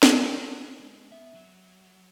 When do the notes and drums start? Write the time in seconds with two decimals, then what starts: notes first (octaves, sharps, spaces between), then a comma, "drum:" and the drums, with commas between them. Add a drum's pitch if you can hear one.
0.03 drum: snare
0.18 E3
0.30 F#3
0.41 B3
0.52 B3
0.64 C#4
0.80 G#3
0.96 G#3
1.11 B3 E5
1.35 F#3